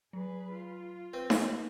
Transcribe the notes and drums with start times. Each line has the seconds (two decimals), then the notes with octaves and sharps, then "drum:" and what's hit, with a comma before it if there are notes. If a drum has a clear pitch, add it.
0.13 F#3 G#4 B4
0.52 F4
1.13 C4 B4
1.30 drum: snare D#4